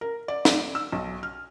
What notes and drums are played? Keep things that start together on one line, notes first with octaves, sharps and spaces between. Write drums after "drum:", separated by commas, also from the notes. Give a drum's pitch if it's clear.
A#4
D5
D5, drum: snare
E6
B1
F6